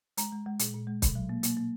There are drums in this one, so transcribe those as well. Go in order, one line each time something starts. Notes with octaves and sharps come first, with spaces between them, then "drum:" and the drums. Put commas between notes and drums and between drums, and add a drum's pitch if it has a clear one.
G#3 A#5, drum: hi-hat
G#3
G#3
A#2, drum: hi-hat
A#2
G#3
B2, drum: kick, hi-hat
F#3
A#3
A#3, drum: hi-hat
A#3